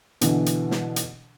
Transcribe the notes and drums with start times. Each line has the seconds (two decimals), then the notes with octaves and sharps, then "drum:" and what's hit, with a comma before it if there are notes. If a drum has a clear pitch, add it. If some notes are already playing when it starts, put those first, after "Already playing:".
0.21 B2 D3 E3, drum: hi-hat
0.46 drum: hi-hat
0.71 drum: snare
0.96 drum: hi-hat